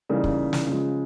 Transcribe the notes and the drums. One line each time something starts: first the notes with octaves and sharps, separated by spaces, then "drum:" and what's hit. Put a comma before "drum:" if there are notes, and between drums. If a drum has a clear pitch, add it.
C#3 E3 G3 A#3 D#4
drum: kick
drum: snare
C#3 F3 G#3